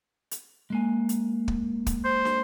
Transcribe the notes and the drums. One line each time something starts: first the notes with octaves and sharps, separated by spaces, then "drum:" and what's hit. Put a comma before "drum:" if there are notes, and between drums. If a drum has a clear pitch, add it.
drum: hi-hat
G#3 A#3 G#5
drum: hi-hat
drum: kick
drum: kick, hi-hat
C5
drum: snare